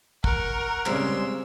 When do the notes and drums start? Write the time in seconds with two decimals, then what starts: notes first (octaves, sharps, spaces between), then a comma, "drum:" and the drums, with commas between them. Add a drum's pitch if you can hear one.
0.24 A#4 F#5 C#6, drum: kick
0.86 C#3 G3 G#3 C4 C5 C6 E6, drum: clap